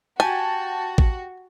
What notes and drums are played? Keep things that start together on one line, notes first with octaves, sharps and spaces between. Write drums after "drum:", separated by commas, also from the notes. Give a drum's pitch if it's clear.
F#4 G4 G#5 A5
drum: kick A1